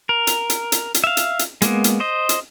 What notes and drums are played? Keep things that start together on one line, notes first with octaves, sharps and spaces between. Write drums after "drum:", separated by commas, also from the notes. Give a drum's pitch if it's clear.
A#4
drum: hi-hat
drum: hi-hat
drum: hi-hat
drum: hi-hat
E5 F5
drum: hi-hat
drum: hi-hat
G#3 A#3 B3, drum: hi-hat
drum: hi-hat
C5 D#5
drum: hi-hat